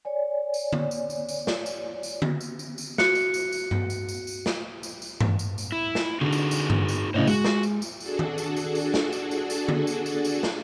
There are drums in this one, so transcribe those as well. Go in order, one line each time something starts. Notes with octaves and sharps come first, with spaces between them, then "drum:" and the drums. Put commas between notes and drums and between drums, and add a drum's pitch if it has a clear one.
C#5 D5 G#5
drum: tambourine
drum: tom D3
drum: tambourine
drum: tambourine
drum: tambourine
drum: snare
drum: tambourine
drum: tambourine
drum: tom D3
drum: tambourine
drum: tambourine
drum: tambourine
F#4 F#6 C#7, drum: snare
drum: tambourine
drum: tambourine
drum: tambourine
drum: tom G2
drum: tambourine
drum: tambourine
drum: tambourine
drum: snare
drum: tambourine
drum: tambourine
drum: tom G2
drum: tambourine
drum: tambourine
E4
drum: snare
D3 D#4 F#4 G#4
drum: tambourine
drum: tambourine
drum: tom G2
drum: tambourine
A2 C#3 C5 C#5 D#5
G#3 F#4, drum: tambourine
drum: snare
drum: tambourine
drum: tambourine
D4 F#4 G#4 A4, drum: tambourine
drum: tom D#3
drum: tambourine
drum: tambourine
drum: tambourine
drum: snare
drum: tambourine
drum: tambourine
drum: tambourine
drum: tom D3
drum: tambourine
drum: tambourine
drum: tambourine
drum: snare